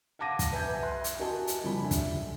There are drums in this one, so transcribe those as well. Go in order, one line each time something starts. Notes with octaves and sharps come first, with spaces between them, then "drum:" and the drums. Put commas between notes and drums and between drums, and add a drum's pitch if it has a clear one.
F5 F#5 A5 D6 A#6 D#7
drum: kick, hi-hat
B4 E5 G#5 G6 G#6
E5 C6 F#6
drum: hi-hat
F#4 A#4 D#5 G#5 A5
drum: hi-hat
F#1 F3 G3 G#5 B5
D3 E5
drum: kick, hi-hat